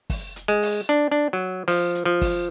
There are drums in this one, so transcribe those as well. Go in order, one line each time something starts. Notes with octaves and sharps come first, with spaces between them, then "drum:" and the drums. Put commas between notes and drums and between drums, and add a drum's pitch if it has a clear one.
drum: kick, open hi-hat
drum: hi-hat
G#3
drum: open hi-hat
D4, drum: hi-hat
D4
F#3
F3, drum: open hi-hat
drum: hi-hat
F3
drum: kick, open hi-hat